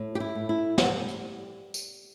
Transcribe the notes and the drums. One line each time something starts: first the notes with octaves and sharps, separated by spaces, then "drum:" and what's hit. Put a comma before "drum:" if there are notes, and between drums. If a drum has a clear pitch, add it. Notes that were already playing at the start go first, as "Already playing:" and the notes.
Already playing: A2
G4
E4
A2
E4
G3 G4, drum: snare
drum: hi-hat
drum: tambourine